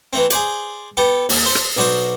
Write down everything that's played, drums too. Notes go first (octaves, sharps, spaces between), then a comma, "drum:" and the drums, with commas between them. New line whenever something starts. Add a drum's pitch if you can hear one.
E3 A3 C4
G#4 C5 D5, drum: hi-hat
B3 G4 A4
D#2, drum: open hi-hat
C5
drum: rim click
B1 D4 F#4 C5 D#6